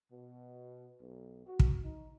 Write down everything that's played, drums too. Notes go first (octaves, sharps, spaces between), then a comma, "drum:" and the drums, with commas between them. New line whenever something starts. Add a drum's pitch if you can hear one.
B2
B1
F#4
drum: kick
D#4